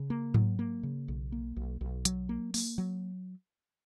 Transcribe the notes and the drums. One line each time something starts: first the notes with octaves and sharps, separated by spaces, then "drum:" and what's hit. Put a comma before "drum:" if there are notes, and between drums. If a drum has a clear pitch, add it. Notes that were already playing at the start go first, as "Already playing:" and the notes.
Already playing: C#3
A#3
F#3, drum: tom G#2
A#3
C#3
B1
A#3
B1
B1
F#3, drum: hi-hat
A#3
A#3, drum: open hi-hat
F#3